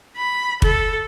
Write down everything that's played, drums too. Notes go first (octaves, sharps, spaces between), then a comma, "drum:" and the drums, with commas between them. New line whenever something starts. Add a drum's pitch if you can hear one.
B5
A4, drum: kick